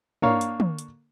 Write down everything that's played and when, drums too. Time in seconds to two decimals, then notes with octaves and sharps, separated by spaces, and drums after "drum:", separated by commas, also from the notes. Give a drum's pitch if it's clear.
0.22 A#3 D4 C#5 F5, drum: tom
0.41 drum: hi-hat
0.60 drum: tom
0.79 drum: hi-hat